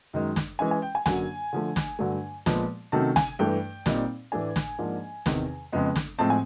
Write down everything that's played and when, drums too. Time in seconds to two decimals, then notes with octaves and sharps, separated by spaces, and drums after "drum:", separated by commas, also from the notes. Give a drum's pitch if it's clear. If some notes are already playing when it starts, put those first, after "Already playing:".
0.14 F#2 D#3 G#3
0.36 drum: snare
0.59 E3 G#3 C#4 G#5
0.71 G#5
0.82 G5
0.95 G#5
1.06 F#2 D3 F#3 A#3 G#5, drum: snare
1.53 D3 F3 A3
1.76 drum: snare
1.99 G2 D3 F#3 A3
2.46 A#2 F3 G#3 B3, drum: snare
2.92 C3 D#3 F#3 A3 C#4 A5
3.16 G#5, drum: snare
3.39 G2 E3 A3 G5
3.86 A#2 G3 C4 D#4, drum: snare
4.32 A2 E3 A3 D4 G#5
4.56 drum: snare
4.79 G#2 F3 A#3 D4
5.26 E2 C3 D#3, drum: snare
5.72 F2 C#3 F3 G#3 B3
5.96 drum: snare
6.18 A2 F3 G#3 C4 A5
6.30 G#5